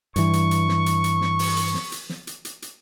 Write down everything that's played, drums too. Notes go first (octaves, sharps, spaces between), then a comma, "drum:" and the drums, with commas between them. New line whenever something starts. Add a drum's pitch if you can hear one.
G2 E3 C#6, drum: hi-hat
drum: hi-hat
drum: hi-hat
drum: snare
drum: hi-hat
drum: hi-hat
drum: snare
drum: open hi-hat
drum: hi-hat
drum: snare
drum: hi-hat
drum: snare
drum: hi-hat
drum: hi-hat
drum: hi-hat